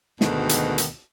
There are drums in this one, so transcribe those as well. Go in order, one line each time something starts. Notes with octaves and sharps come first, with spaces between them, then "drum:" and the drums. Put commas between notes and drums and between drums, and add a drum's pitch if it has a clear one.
D2 G#2 B2 D#3, drum: snare
drum: hi-hat
drum: hi-hat